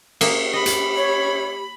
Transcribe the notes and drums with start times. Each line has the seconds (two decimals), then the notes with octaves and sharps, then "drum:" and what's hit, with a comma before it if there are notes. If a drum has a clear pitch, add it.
0.21 A#3 G#4 E5, drum: cymbal
0.53 G4 D#5 B5
0.66 drum: hi-hat
0.95 C#5